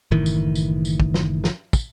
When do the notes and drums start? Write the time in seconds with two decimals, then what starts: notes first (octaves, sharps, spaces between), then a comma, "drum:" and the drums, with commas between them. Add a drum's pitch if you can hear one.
0.11 F#1 A2 D#3 E3
0.26 drum: tambourine
0.55 drum: tambourine
0.85 drum: tambourine
1.00 drum: kick
1.14 drum: snare
1.44 drum: snare
1.73 drum: kick, tambourine